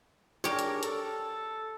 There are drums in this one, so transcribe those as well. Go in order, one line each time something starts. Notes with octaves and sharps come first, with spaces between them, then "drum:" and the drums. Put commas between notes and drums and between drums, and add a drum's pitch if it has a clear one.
D4 G4 G#4 A#4 C#5, drum: snare
drum: hi-hat
A4, drum: hi-hat